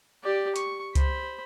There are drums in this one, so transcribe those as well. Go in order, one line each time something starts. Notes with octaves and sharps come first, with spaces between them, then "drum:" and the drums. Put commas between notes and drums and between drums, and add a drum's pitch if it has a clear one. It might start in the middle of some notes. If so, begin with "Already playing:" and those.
G4 D5
C#6, drum: hi-hat
C5 B5, drum: kick C#2, hi-hat